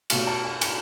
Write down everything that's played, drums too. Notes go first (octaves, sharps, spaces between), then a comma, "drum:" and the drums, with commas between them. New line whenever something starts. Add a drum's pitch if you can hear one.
B2 A3 G#5, drum: cymbal
A5
G#5
G#5, drum: cymbal